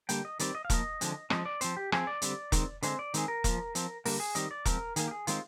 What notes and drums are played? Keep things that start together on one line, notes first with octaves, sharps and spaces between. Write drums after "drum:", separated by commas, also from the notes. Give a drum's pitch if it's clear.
D3 G3 A#3 G5, drum: hi-hat
D#5
D#3 G3 C4 D5, drum: hi-hat
D#5
F5
F3 A#3 D#5, drum: kick E1, hi-hat
D3 F3 G#3 C4, drum: hi-hat
F3 G#3 C4 D#5, drum: rim click
D5
F3 C4 C5, drum: hi-hat
G4
F3 C4 G#4, drum: rim click
D5
D3 G3 C4, drum: hi-hat
D#3 G#3 C4, drum: kick E1, hi-hat
D3 G#3 C4 C5, drum: hi-hat
D5
D#3 G#3 C4 G#4, drum: hi-hat
A#4
F3 A#3, drum: kick E1, hi-hat
F3 C4, drum: hi-hat
D3 G3 A#3 A#4, drum: open hi-hat
G#4
D#3 G3 C4 D#5, drum: hi-hat
D5
F3 G#3 C4 A#4, drum: kick E1, hi-hat
D#3 A#3 G#4, drum: hi-hat
G4
G#4
D#3 G#3 C4 F4, drum: hi-hat